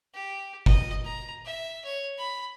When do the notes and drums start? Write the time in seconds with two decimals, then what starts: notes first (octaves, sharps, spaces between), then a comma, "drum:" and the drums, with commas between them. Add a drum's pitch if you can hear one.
0.14 G4
0.66 D#5, drum: kick G1
1.04 A#5
1.45 E5
1.84 C#5
2.18 B5